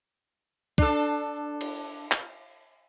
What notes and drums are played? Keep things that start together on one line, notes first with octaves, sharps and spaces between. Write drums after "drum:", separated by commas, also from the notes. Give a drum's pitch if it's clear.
D4 A4, drum: kick
drum: cymbal
drum: clap